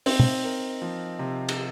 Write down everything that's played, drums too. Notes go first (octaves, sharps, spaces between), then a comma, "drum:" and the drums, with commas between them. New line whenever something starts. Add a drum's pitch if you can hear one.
C4 D#4, drum: open hi-hat
drum: tom
A#4
F3
C3
drum: cymbal